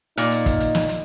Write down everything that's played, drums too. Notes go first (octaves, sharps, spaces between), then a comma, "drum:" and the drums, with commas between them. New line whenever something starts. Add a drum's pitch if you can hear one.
A#2 D#4, drum: hi-hat
drum: hi-hat
drum: kick, hi-hat
drum: hi-hat
drum: snare
drum: hi-hat